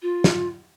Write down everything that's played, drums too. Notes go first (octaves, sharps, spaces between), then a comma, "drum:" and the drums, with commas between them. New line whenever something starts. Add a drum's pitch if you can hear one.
F4
drum: snare